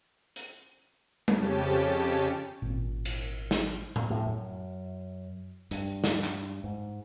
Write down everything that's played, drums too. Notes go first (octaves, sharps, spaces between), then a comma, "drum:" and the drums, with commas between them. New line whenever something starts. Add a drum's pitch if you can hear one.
drum: hi-hat
F2 C#3 C#4 G4 A5, drum: tom G3
G#1 A#2 C4 C#4
drum: cymbal
drum: snare
drum: tom A2
A2
F#2
G2, drum: hi-hat
drum: snare
drum: clap
G#2